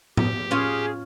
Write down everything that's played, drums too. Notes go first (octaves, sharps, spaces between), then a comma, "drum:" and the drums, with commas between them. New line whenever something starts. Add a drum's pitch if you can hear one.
G4, drum: tom A2
C#4 F4 G#4 C#5